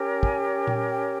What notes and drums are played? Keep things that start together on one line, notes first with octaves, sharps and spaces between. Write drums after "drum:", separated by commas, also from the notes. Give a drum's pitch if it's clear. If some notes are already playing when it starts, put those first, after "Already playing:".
Already playing: C#4 G4 A#4 C#5
G#5, drum: kick
G5, drum: tom A#2
G5